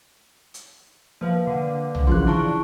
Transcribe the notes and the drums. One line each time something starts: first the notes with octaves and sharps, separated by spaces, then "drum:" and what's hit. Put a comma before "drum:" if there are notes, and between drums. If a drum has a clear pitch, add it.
drum: hi-hat
F3 A#3 B4 F5
D3
drum: tom
C#3 E3 F3 C6 F#6
D4 E4 A5 C#6